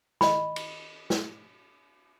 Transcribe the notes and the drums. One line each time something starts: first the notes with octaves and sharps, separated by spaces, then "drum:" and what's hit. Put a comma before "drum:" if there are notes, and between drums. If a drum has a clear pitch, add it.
D#5 B5, drum: snare
drum: cymbal
drum: snare